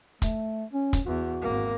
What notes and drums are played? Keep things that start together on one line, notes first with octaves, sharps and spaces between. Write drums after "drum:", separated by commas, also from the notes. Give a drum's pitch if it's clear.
A3, drum: kick, hi-hat
C#4
drum: kick, hi-hat
E2 F#4
G#1 A#3